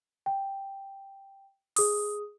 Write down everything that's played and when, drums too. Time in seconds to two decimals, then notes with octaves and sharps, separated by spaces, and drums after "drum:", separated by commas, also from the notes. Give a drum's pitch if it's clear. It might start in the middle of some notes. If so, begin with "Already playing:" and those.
0.26 G5
1.76 G#4 D#6, drum: open hi-hat